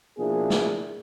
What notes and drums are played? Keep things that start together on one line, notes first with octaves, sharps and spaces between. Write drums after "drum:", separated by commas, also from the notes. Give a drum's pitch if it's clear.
B2 F3 A#3 D4 E4 G#4
drum: snare